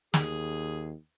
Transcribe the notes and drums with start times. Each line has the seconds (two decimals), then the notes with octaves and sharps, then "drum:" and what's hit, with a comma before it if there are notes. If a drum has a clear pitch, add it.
0.14 D#2 G#4, drum: snare